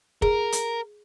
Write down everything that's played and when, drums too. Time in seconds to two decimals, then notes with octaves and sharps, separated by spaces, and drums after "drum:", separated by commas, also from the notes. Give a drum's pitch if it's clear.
0.22 G#4 A#4, drum: kick
0.52 drum: hi-hat